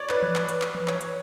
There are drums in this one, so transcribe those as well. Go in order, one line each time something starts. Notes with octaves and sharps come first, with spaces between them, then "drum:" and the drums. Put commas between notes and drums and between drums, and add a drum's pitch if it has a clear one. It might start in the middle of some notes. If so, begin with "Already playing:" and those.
Already playing: C#5 D5
B4, drum: clap
drum: tom E3
drum: clap
drum: hi-hat
drum: clap
drum: tom E3
C#5, drum: clap
drum: hi-hat